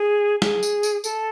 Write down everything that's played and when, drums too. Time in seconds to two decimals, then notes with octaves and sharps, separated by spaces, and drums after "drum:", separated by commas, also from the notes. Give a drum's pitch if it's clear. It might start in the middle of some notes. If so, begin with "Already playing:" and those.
Already playing: G#4
0.42 G#4, drum: snare
0.63 drum: tambourine
0.83 drum: tambourine
1.04 A4, drum: tambourine